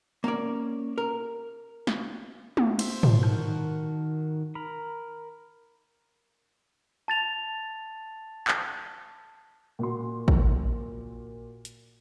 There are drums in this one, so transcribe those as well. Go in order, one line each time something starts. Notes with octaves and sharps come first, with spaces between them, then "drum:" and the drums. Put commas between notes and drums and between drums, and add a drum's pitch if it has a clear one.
A#3 C#4 C#5 D5
A#4
drum: snare
drum: tom
C5 E5, drum: cymbal
drum: tom
D#3 F#4 A#4 A5 G6
A#4 A#5 B5
A5 A6 F7
drum: clap
A#2 F#4 C6
drum: kick
drum: hi-hat